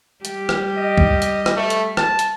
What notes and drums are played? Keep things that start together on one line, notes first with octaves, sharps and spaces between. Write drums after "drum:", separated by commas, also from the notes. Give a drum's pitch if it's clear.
G3 G4, drum: hi-hat
drum: rim click
D#5
drum: kick
drum: hi-hat
drum: rim click
A3
drum: hi-hat
A5, drum: rim click
drum: hi-hat